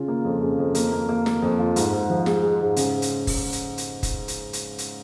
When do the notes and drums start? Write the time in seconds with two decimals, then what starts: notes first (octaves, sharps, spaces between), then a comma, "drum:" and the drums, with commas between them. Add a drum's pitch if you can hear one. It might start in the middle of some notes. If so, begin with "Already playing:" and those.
Already playing: C#3 F4
0.08 A#3
0.25 F2
0.42 C#3
0.59 F2
0.75 A#3, drum: hi-hat
0.92 A#3
1.09 A#3
1.26 A#3, drum: snare
1.42 F2
1.59 F4
1.76 G#2, drum: hi-hat
1.93 G#2
2.10 F3
2.26 G#3, drum: snare
2.43 G#3
2.60 G#2
2.76 C#3, drum: hi-hat
3.02 drum: hi-hat
3.27 drum: kick F1, open hi-hat
3.52 drum: hi-hat
3.78 drum: hi-hat
4.03 drum: kick F1, hi-hat
4.28 drum: hi-hat
4.53 drum: hi-hat
4.78 drum: hi-hat